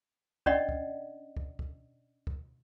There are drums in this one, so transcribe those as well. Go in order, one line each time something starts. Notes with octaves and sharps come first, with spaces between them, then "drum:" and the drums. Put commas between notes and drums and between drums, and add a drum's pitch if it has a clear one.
C#4 D4 D5 D#5 F#5, drum: kick
drum: kick
drum: kick
drum: kick
drum: kick